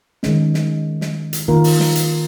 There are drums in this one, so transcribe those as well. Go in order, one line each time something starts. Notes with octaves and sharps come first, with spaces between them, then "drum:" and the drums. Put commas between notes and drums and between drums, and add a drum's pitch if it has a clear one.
D#3 G#3 C#4, drum: snare
drum: snare
drum: snare
drum: hi-hat
D#3 A#3 F4 A#4
drum: open hi-hat
drum: snare
drum: hi-hat